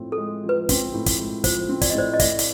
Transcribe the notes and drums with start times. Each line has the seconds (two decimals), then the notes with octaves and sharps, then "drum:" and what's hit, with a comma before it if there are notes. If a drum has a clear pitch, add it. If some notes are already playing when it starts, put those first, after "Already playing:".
Already playing: A2 F3 C4
0.12 A4
0.18 G#3
0.44 F3
0.49 B4
0.69 C4, drum: kick, hi-hat
0.94 A2
1.06 drum: kick, hi-hat
1.19 G#3
1.44 F3 C5, drum: kick, hi-hat
1.69 C4
1.81 D5, drum: kick, hi-hat
1.90 D#5
1.95 A2 C5 D5
2.14 D#5
2.20 A3 D5 E5, drum: kick, hi-hat
2.39 drum: hi-hat